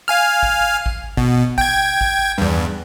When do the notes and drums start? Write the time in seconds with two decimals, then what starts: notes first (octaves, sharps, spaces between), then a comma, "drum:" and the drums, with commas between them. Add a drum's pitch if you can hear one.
0.08 F5 G#5 F6
0.43 drum: kick G#1
0.86 drum: kick G#1
1.17 B2, drum: kick G#1
1.58 G5 G#6, drum: kick G#1
2.01 drum: kick G#1
2.38 E2 G2